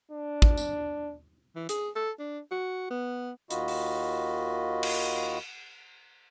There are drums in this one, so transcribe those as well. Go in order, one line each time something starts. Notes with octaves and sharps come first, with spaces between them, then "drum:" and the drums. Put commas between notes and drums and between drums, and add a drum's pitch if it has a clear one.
D4
drum: kick
drum: tambourine
E3
G#4, drum: hi-hat
A4
D4
F#4
B3
D#2 D#3 F4 F#4 D#5 B5, drum: hi-hat
drum: open hi-hat
drum: cymbal